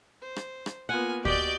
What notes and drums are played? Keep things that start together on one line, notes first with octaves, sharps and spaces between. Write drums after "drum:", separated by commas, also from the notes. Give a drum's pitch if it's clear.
C5
drum: rim click
drum: rim click
A#3 B3 F4 F#5 G#5
F#4 G4 D5 D#5 G6, drum: kick